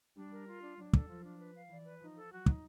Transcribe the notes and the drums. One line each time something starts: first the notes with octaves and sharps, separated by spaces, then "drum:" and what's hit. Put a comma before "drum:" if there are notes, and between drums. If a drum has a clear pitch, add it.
G3 D4
A#4
F4
D4
F#3 D4
A4, drum: kick
F3 F4
D4
B4
F5
E3 D5
B4
F3 D#4
A4
F#3 F#4
D#4, drum: kick